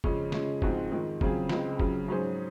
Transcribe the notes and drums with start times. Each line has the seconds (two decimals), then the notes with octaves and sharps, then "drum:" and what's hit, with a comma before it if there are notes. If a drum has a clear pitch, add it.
0.04 F2 C#3 G#3 C#4, drum: kick F#1
0.32 C#3 F3 G#3 C#4, drum: snare
0.62 G#2 F3 G#3 C4 F#4, drum: kick F#1
0.92 F2 D#3 G#3
1.21 C#3 F#3 C4 F4 G#4, drum: kick F#1
1.49 C#2 C#3 G#3 C4, drum: snare
1.80 F2 C#3 F#3, drum: kick F#1
2.08 G#2 F#3 C#4 G#4 C5